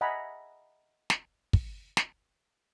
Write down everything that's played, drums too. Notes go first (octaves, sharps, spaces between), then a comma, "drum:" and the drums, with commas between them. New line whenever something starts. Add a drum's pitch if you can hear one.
D#5 E5 F#5 G#5 A#5 B5
drum: snare
drum: kick
drum: snare